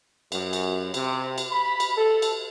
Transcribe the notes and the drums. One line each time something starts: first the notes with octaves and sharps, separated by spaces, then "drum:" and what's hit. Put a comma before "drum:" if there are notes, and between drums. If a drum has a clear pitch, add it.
F#2, drum: cymbal
drum: cymbal
C3, drum: cymbal
drum: cymbal
B5
drum: cymbal
A4
drum: cymbal